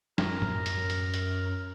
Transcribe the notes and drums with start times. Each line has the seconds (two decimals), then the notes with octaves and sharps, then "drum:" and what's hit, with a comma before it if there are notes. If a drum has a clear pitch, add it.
0.18 F#2 A#4 A#5, drum: snare
0.42 drum: tom
0.66 drum: hi-hat
0.90 drum: hi-hat
1.14 drum: hi-hat